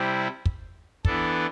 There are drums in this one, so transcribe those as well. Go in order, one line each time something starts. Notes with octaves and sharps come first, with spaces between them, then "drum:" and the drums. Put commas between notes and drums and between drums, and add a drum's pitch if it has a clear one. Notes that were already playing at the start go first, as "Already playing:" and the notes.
Already playing: C3 G3 C4 E4
drum: kick
E3 B3 D4 A4, drum: kick